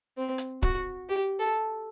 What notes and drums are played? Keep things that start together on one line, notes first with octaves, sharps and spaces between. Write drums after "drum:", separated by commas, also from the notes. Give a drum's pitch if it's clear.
C4
drum: hi-hat
F#4, drum: kick C#1
G4
A4